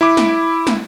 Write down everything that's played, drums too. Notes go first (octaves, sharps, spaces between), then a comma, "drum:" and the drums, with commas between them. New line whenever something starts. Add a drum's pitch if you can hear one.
E4 B5 D6
drum: snare
drum: snare